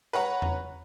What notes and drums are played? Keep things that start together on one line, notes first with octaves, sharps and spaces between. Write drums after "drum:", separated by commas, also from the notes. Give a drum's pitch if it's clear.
B4 C#5 F#5 A#5
drum: tom E2